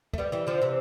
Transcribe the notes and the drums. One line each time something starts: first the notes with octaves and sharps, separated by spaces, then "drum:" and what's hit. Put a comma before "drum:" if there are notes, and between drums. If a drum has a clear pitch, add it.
A3, drum: kick
G3 B3
E3 G3
D3 F3
C3 E3